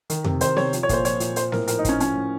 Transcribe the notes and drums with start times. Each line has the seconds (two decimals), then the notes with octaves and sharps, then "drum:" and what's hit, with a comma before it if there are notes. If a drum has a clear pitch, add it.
0.10 D#3, drum: hi-hat
0.24 C3, drum: tom F2
0.41 D#3 C5, drum: hi-hat
0.56 C3 C#5, drum: snare B3
0.73 F3, drum: hi-hat
0.83 C#5
0.89 A#2 C5, drum: kick, hi-hat
1.05 F3 C#5, drum: hi-hat
1.20 A#2, drum: hi-hat
1.36 F3 C5, drum: hi-hat
1.52 A2 A#4, drum: snare B3
1.68 F3 A#4, drum: hi-hat
1.79 D#4
1.85 A2 C#4, drum: kick, hi-hat
2.00 F3 C#4, drum: hi-hat
2.16 A2